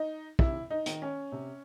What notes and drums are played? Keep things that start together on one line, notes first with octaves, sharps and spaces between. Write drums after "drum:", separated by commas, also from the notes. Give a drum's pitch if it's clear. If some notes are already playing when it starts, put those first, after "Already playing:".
Already playing: D#4
C3 E4, drum: kick
D#4
D#3, drum: hi-hat
C#4
C3